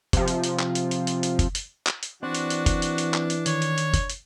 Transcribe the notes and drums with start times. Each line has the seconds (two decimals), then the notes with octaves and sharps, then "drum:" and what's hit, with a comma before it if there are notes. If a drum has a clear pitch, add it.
0.13 C3 F3, drum: kick, hi-hat
0.28 drum: hi-hat
0.44 drum: hi-hat
0.59 drum: clap
0.75 drum: hi-hat
0.91 drum: hi-hat
1.07 drum: hi-hat
1.23 drum: hi-hat
1.39 drum: kick, hi-hat
1.55 drum: hi-hat
1.87 drum: clap
2.03 drum: hi-hat
2.23 E3 C4 D4 F#4 C5 D5
2.35 drum: hi-hat
2.50 drum: hi-hat
2.66 drum: kick, hi-hat
2.82 drum: hi-hat
2.98 drum: hi-hat
3.14 drum: clap
3.30 drum: hi-hat
3.46 D#3 C#5, drum: hi-hat
3.62 drum: hi-hat
3.78 drum: hi-hat
3.94 drum: kick, hi-hat
4.10 drum: hi-hat